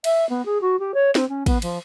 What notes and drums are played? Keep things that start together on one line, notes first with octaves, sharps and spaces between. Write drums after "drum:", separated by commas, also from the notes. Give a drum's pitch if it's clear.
E5, drum: cymbal
B3
G#4
F#4
G4
C#5
C4, drum: snare
C#4
B3, drum: kick, cymbal
F3, drum: cymbal